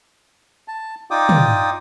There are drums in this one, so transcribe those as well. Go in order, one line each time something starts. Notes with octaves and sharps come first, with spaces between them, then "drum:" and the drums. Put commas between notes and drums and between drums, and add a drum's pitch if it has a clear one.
A5
D#4 F4 D5 G5 D6 D#6
drum: tom